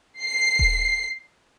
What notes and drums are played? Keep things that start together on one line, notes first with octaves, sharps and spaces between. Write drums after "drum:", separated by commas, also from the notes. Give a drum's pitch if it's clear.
C7
drum: kick D#1